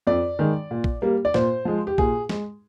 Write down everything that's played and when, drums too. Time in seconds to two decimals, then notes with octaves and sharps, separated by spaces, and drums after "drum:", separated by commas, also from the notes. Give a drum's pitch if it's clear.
0.07 F2 D5
0.39 D#3 G#3
0.71 A#2
0.84 drum: kick A#1
1.02 G3 A#3
1.25 D5
1.34 A#2 C5, drum: snare
1.65 F3 G#3
1.87 G4
1.98 A#2 G#4, drum: kick A#1
2.29 G#3, drum: snare